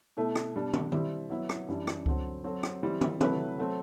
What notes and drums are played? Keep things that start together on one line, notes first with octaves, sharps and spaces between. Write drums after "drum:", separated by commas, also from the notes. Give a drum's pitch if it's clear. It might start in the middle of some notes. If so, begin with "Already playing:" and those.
B2 A3 E4 A4
drum: rim click
B2 G3 D4
drum: tom
G3 C4 E4, drum: tom D#3
F#3 B3 E4
drum: rim click
F#2 E3 G3 D4
drum: rim click
D3 F#3 C4 F#4, drum: kick C#2
F#3 C4 F#4 A4
drum: rim click
E3 G3 C4 E4
drum: tom
C3 F#3 A3 E4 B4, drum: tom
F#3 A3 C4